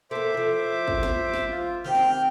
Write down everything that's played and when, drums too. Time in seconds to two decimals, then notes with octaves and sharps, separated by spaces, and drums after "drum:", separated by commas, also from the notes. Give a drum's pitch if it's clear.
0.11 A#3 A4 C5 E5 D6
0.34 F3 E4
0.88 drum: kick
1.03 drum: snare
1.34 drum: snare
1.51 F4
1.84 D#3 C4 G4 F6 G6
1.95 drum: snare